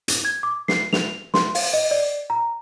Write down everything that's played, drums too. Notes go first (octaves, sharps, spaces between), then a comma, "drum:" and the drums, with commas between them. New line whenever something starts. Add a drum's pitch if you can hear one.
drum: hi-hat
G#6
D6
C7, drum: snare
F7, drum: snare
C6, drum: snare
F5, drum: open hi-hat
D#5
D5
A#5